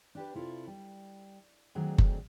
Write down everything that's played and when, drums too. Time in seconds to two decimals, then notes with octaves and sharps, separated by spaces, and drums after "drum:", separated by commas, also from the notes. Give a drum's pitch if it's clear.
0.15 D4 G4 B4
0.34 C3 E4 F4 A4
0.67 G3
1.75 D#3 F#3 A3 C4 D4 G#4
1.98 drum: kick F#1